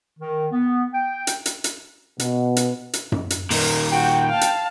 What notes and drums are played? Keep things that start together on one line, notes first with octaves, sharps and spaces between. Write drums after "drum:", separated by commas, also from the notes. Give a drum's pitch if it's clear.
D#3
B3
G5
drum: hi-hat
drum: hi-hat
drum: hi-hat
B2, drum: hi-hat
drum: hi-hat
drum: hi-hat
drum: tom F#2
drum: hi-hat
A#2 D#3 A#4, drum: open hi-hat
F#4 G5
F5 A5
drum: hi-hat